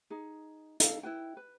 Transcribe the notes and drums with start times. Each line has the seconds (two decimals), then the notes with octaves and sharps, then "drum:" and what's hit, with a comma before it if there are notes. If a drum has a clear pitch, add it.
0.10 D#4 G#4
0.80 A4 F5, drum: hi-hat
1.03 E4 B4 G5
1.37 B4